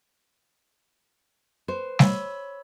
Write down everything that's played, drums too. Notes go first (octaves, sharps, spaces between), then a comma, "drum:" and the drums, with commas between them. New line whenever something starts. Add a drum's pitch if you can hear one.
B4 C5
C#5 B5 E6, drum: snare G3